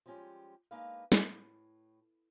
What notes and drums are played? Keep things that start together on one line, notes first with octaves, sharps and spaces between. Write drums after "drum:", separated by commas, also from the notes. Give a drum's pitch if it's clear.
F3 G3 G#3 C#4 G4
G#3 A#3 D4 D#4 B4 F5
A2, drum: snare